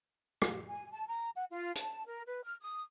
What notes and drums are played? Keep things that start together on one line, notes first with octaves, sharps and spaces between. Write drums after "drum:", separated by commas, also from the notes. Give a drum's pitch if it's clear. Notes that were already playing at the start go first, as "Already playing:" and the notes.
drum: rim click
G#5
A5
A#5
F#5
F4
A5, drum: hi-hat
A#4
B4
F6
D#6